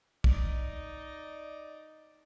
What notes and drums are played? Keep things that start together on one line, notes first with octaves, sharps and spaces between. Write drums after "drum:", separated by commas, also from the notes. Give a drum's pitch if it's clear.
D#4 D5 D#5, drum: kick